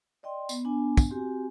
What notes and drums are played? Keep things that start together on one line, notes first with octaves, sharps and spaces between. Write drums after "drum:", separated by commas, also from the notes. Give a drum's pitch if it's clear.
D5 D#5 G5 C6
B3, drum: tambourine
B3 D4 G#5
drum: kick, tambourine
C4 F#4 G4 G#5